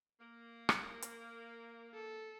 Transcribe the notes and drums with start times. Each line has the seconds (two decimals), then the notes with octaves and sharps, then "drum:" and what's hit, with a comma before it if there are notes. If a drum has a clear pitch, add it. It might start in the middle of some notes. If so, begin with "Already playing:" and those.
0.20 A#3
0.69 drum: rim click
1.02 drum: hi-hat
1.94 A4